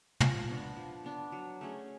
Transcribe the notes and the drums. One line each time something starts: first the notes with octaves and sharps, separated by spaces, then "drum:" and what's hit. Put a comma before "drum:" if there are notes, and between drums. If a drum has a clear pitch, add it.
F3, drum: tom
B3 D4
F3
B3 D4
F#3
A3 C#4 G#4